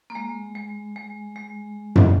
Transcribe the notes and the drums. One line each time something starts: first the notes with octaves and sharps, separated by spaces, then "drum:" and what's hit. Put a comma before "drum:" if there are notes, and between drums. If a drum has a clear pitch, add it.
A#3
G#3
G#3
G#3
G#3
drum: tom F#2